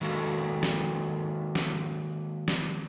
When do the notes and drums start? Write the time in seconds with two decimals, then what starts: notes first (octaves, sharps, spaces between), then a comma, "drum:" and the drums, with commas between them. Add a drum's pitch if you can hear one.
0.01 D#3 G#3 A#3 F#4 A4
0.63 drum: snare
1.55 drum: snare
2.48 drum: snare